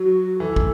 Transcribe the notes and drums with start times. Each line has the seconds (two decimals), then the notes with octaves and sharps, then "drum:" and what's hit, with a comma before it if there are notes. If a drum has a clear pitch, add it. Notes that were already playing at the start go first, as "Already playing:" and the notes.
Already playing: F#3 F#4
0.40 E3 A4
0.56 drum: kick